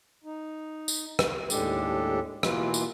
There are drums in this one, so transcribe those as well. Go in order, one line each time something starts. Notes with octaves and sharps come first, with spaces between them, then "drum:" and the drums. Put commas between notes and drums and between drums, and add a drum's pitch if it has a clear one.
D#4
drum: tambourine
drum: rim click
D#2 A2 G#3 D4 G4 A4, drum: tambourine
B2 E3 A#3 F4 B4, drum: rim click
drum: tambourine